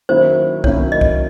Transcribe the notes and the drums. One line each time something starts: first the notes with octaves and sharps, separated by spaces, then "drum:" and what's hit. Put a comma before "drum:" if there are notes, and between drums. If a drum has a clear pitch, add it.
D#3 F#3 A#3 C#4 E4 C5
D#3 F#3 A#3 C#4 E4 C#5, drum: kick B1
D#5
drum: kick B1